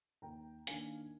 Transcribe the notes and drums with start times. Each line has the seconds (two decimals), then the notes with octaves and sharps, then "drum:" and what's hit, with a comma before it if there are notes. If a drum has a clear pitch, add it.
0.22 D#2 G5 A#5
0.67 D#3 A#3 D4 F5 G#5, drum: hi-hat